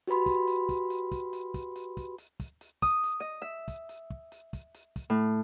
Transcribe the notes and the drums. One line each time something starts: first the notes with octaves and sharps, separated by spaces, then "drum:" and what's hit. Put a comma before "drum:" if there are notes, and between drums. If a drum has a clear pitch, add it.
F#4 G4 B4 B5 C6
drum: kick, hi-hat
drum: hi-hat
drum: kick, hi-hat
drum: hi-hat
drum: kick, hi-hat
drum: hi-hat
drum: kick, hi-hat
drum: hi-hat
drum: kick, hi-hat
drum: hi-hat
drum: kick, hi-hat
drum: hi-hat
D#6, drum: kick, hi-hat
drum: hi-hat
D#5
E5
drum: kick, hi-hat
drum: hi-hat
drum: kick
drum: hi-hat
drum: kick, hi-hat
drum: hi-hat
drum: kick, hi-hat
A2